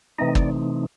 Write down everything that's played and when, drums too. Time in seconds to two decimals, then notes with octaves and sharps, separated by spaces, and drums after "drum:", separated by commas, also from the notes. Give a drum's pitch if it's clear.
0.18 C3 E3 A3 C4 D#4 D#5
0.35 D5, drum: kick